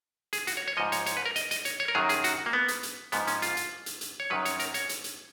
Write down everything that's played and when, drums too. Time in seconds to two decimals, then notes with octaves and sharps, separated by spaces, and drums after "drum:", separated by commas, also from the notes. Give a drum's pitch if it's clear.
0.33 G#4, drum: hi-hat
0.47 F#4, drum: hi-hat
0.57 C#5
0.68 C#5
0.77 G#2 F3 D#5
0.92 C#5, drum: hi-hat
1.06 C#5, drum: hi-hat
1.17 B4
1.26 A#4
1.36 D#5, drum: hi-hat
1.51 D#5, drum: hi-hat
1.65 C#5, drum: hi-hat
1.80 C#5
1.88 A#4
1.95 F#2 D#3 F#3 G#4
2.09 G#4, drum: hi-hat
2.24 F#4, drum: hi-hat
2.46 A#3
2.53 B3
2.68 drum: hi-hat
2.83 drum: hi-hat
3.12 G#2 F3 B3, drum: hi-hat
3.27 C#4, drum: hi-hat
3.42 F4, drum: hi-hat
3.57 drum: hi-hat
3.86 drum: hi-hat
4.01 drum: hi-hat
4.20 C#5
4.30 F#2 D#3 F#3 B4
4.45 C#5, drum: hi-hat
4.60 A#4, drum: hi-hat
4.74 C#5, drum: hi-hat
4.89 drum: hi-hat
5.04 drum: hi-hat